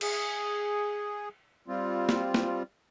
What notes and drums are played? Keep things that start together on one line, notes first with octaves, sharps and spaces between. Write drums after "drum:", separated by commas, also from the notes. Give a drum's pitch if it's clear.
G#4, drum: cymbal
G3 C4 F4
drum: snare
drum: snare